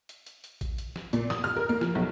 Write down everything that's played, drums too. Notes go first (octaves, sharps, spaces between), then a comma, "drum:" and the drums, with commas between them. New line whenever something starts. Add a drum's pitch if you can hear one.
drum: hi-hat
drum: hi-hat
drum: hi-hat
drum: kick A1, hi-hat
drum: hi-hat
drum: snare
A#2, drum: hi-hat
D#6, drum: snare
F6
A#4
A#3
F3, drum: snare
B1